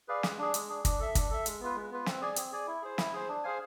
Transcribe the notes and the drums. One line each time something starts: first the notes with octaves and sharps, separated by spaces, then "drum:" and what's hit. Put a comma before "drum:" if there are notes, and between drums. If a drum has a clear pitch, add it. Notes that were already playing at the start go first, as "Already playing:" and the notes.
G#4 B4 D5 F5
G#3, drum: snare
D4 G#4
G#3, drum: hi-hat
D4 G#4
D4, drum: kick, hi-hat
A4 E5
D4, drum: kick, hi-hat
A4 E5
G#3, drum: hi-hat
B3 F4 B4
G#3
B3 F4 B4
C4, drum: snare
G#4 D5 G#5
C4, drum: hi-hat
G#4 D5 G#5
E4
G#4 C5
E4, drum: snare
G#4 C5
D4
G#4 C5 F5 G#5